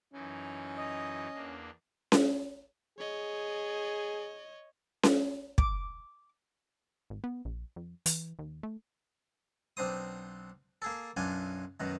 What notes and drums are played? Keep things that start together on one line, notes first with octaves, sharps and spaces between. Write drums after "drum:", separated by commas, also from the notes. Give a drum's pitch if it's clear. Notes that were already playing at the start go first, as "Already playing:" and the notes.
F#2 E3 C#4 D#4
D#5
E2 A#3 D4
drum: snare C#4
G#4 C#5 D#5
drum: snare C#4
D6, drum: kick
G#1
B3
A#1
F2
E3, drum: hi-hat
D#2
A3
B1 C4 D4 C5 D#6
A#3 G#4 A4
B1 F#2 D4 F4 G#5
F#2 B2 D#3